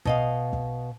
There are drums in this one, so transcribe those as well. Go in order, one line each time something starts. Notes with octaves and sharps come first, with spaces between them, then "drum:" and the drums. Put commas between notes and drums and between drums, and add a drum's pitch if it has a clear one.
B2 D#5 F5, drum: kick
drum: kick